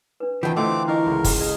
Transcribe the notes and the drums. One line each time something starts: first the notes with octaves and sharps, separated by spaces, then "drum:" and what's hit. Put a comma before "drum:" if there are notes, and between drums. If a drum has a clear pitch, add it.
D4 B4
E2 D#3 E3 F4 F#5 G5 A5
D3 E3 A3 C4 D#5 F5 A5 D6
D4 E4 F4 A#4 D#5 C#6 D6
C#2 B5
drum: kick, open hi-hat
G#4 D#5 F6